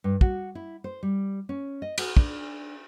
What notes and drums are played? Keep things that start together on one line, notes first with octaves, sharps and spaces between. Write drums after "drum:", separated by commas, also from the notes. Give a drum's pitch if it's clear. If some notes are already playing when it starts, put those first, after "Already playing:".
G2
F#4, drum: kick
E4
C5
G3
C#4
D#5
F#4, drum: cymbal
D4, drum: kick